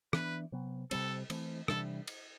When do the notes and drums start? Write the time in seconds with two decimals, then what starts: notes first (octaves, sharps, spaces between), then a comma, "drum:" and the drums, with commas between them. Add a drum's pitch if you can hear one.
0.13 E3 B3 D4 B4, drum: rim click
0.52 C3 F#3 B3
0.91 C3 G3 C4 A4, drum: cymbal
1.30 E3 A3 C4, drum: cymbal
1.68 C3 E3 G3 D4 A4, drum: rim click
2.07 drum: cymbal